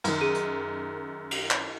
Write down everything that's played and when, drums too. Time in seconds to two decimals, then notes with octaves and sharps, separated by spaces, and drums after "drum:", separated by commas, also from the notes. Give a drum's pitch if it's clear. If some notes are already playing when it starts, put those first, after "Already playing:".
0.04 F#2 D#3, drum: cymbal
0.21 G#4 D#7
0.34 drum: hi-hat
1.31 drum: cymbal
1.51 drum: clap